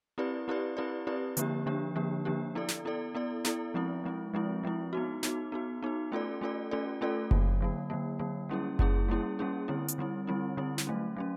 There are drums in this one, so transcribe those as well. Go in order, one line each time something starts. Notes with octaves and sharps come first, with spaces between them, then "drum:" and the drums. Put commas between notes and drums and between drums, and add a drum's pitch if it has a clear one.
C4 E4 G4 B4 D5
C4 E4 G4 B4 D5
C4 E4 G4 B4 D5
C4 E4 G4 B4 D5
D3 F3 A#3 D4 G4, drum: hi-hat
D3 F3 A#3 D4 G4
D3 F3 A#3 D4 G4
D3 F3 A#3 D4 G4
B3 E4 A4 D5
drum: snare
B3 E4 A4 D5
B3 E4 A4 D5
B3 E4 A4 D5, drum: snare
F3 G#3 C4 E4
F3 G#3 C4 E4
F3 G#3 C4 E4
F3 G#3 C4 E4
B3 D#4 F#4
B3 D#4 F#4, drum: snare
B3 D#4 F#4
B3 D#4 F#4
A3 C#4 F4 A4 D5
A3 C#4 F4 A4 D5
A3 C#4 F4 A4 D5
A3 C#4 F4 A4 D5
D3 F#3 A#3, drum: kick F#1
D3 F#3 A#3
D3 F#3 A#3
D3 F#3 A#3
G3 A#3 C#4 E4 G#4
G3 A#3 C#4 E4 G#4, drum: kick F#1
G3 A#3 C#4 E4 G#4
G3 A#3 C#4 E4 G#4
D3 G3 C4 E4
drum: hi-hat
D3 G3 C4 E4
D3 G3 C4 E4
D3 G3 C4 E4
drum: snare
F#3 A3 C#4
F#3 A3 C#4